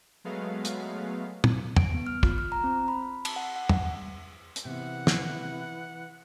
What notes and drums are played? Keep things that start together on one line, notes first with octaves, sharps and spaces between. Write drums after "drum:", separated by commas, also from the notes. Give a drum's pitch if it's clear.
F#3 G#3 A3 B3 F5
drum: hi-hat
drum: tom
D7, drum: tom
B3
F6
F4, drum: kick
F6
A#5
C4
B5
A5, drum: cymbal
F#5
F#5
drum: tom
drum: hi-hat
C3 E3 B3 F#5
drum: snare